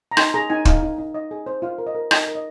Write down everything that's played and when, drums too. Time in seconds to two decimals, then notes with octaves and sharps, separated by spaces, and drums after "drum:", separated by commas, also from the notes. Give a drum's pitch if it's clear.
0.11 A#5
0.17 D#4 C6, drum: rim click
0.34 G#4 A#5
0.50 D#4 G#5
0.65 D#4 F5, drum: kick
0.83 D#4
0.98 D#4
1.14 D#4 D#5
1.31 G#4
1.46 C5
1.62 F4 F5
1.78 A#4
1.87 D#5
1.95 A#4
2.11 D#4 D#5, drum: rim click
2.27 A#4
2.35 D#5